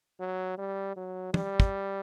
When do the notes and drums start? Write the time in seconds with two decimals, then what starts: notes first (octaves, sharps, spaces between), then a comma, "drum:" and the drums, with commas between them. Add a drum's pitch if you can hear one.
0.20 F#3
0.58 G3
0.96 F#3
1.34 G3, drum: tom
1.60 drum: kick